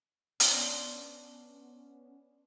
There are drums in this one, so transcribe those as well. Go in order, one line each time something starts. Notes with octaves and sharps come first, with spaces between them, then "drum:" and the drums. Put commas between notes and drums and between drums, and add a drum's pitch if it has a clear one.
B3 C#4 D4 C5, drum: hi-hat